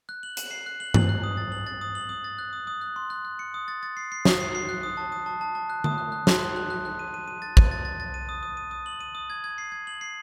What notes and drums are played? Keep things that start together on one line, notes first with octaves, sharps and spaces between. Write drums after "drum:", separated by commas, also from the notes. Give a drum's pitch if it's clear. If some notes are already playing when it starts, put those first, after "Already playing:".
F#6
F#7
F#7, drum: hi-hat
C7
F#6
F#7
F#7, drum: tom G2
F#6
D#6
A6
F#7
A6
D#6
F#7
D#6
A6
F#6
D#6
D#6
F#6
C6
F#6
F#6
C#7
D#6
A6
A6
C7
C7
D#6, drum: snare
C7
C7
F#6
D#6
A5
D#6
A5
A5
A5
F#6
D#6, drum: tom D3
F#6
F#6
C6, drum: snare
F#6
F#6
F#6
F#6
D#7
D#7
D#7
A6
D#7, drum: kick
A6
A6
A6
D#7
D#6
D#6
D#7
D#6
F#7
D#7
D#6
G#6
G#6
C7
G#6
F#7
C7